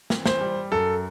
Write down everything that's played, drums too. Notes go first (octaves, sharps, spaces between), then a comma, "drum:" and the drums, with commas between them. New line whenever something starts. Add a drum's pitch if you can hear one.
C4, drum: snare
C5, drum: snare
G3
F#2 A4